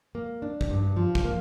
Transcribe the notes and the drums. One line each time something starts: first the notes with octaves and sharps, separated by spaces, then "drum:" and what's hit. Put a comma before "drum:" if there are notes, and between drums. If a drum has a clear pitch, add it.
A#3
D4
drum: kick
G2
F3
drum: kick
A#3